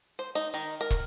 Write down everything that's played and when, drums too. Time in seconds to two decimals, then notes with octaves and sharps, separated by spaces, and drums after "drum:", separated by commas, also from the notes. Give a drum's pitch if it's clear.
0.19 C5
0.35 D#4
0.54 D#3
0.81 A#4
0.90 drum: kick